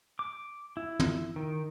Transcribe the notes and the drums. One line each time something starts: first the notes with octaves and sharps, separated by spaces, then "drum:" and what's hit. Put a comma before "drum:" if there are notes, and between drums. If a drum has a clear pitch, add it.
D6
E4
drum: tom
D#3